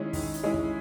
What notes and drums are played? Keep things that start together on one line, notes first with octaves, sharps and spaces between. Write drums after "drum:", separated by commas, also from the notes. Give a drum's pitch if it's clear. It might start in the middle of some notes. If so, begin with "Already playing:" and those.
Already playing: D#3 G#3 C#4 E4
D#3, drum: kick, open hi-hat
drum: hi-hat
G#3 C#4 E4
drum: kick